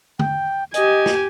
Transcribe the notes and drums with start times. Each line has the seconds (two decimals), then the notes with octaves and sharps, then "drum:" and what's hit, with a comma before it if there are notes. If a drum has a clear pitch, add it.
0.19 G5, drum: tom D3
0.74 G4 D#5 G#5, drum: hi-hat
1.06 drum: snare